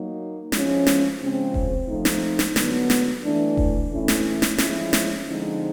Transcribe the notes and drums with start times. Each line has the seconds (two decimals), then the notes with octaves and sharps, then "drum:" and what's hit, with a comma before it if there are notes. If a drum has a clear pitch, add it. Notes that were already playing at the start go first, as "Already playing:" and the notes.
Already playing: F#3 A#3 D#4
0.52 F3 G#3 C#4 E4, drum: snare
0.87 drum: snare
1.21 C#3 F3 G#3 C4
1.54 drum: kick E1
1.88 F3 A3 C4 D#4
2.05 drum: snare
2.39 drum: snare
2.56 D3 F#3 B3, drum: snare
2.90 drum: snare
3.23 E3 A3 D4
3.57 drum: kick E1
3.91 E3 A3 C#4 E4
4.08 drum: snare
4.42 drum: snare
4.58 F3 G#3 C#4 E4, drum: snare
4.93 drum: snare
5.27 D3 F3 G#3 C4 D#4